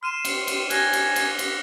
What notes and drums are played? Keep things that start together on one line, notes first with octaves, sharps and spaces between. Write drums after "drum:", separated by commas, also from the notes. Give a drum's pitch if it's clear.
C6 F6 D#7 E7
drum: cymbal
drum: cymbal
G#5 F#6 A#6 G7, drum: cymbal
drum: cymbal
drum: cymbal
drum: cymbal